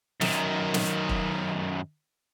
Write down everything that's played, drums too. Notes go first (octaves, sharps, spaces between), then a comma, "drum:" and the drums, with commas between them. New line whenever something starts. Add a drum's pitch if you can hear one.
F#2 D#3, drum: snare
drum: snare
drum: kick